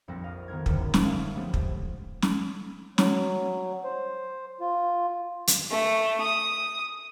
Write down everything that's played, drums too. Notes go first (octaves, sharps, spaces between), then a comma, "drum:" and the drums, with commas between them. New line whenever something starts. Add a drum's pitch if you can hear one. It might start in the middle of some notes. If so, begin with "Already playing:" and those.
A#1 F2 C4 D4 A4 A#6
D#5 F5
D#3 B3 A#4 G#6
G#1 F#2 D3 D#3, drum: kick
drum: snare
E5 F5 A5
F3 G#3 A3 B3 G4
drum: kick
drum: snare
F#3, drum: snare
C5
F4
drum: hi-hat
A3
D#6